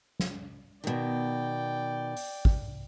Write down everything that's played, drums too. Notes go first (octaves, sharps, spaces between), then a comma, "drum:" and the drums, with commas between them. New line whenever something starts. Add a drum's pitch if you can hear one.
drum: snare
B2 D#3 D5 G5
drum: open hi-hat
drum: kick